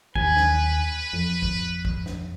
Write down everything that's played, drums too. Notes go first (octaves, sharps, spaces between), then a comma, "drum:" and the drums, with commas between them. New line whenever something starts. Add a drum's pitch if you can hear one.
D#2 B4 G#5, drum: kick
drum: snare
F2
drum: kick
drum: kick
drum: snare